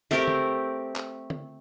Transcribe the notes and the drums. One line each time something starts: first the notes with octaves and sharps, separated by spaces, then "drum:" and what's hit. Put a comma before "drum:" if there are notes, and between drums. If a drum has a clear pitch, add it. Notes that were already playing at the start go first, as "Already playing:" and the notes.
A3 C4 G4 A#4
drum: tom D3
drum: clap
drum: tom D3